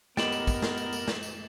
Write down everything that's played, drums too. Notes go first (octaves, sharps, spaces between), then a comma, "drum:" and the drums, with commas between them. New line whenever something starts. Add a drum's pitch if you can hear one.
B3 G4 A#4 D#5 G5 A6 E7 F#7, drum: snare
drum: tambourine
drum: kick, tambourine
drum: snare
drum: tambourine
drum: tambourine
drum: snare
drum: tambourine